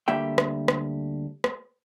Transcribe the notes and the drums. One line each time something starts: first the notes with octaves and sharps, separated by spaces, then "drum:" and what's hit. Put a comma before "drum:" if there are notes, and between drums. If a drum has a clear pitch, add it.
D2 D3 G3 A#3 E5 G5
drum: rim click
drum: rim click
drum: rim click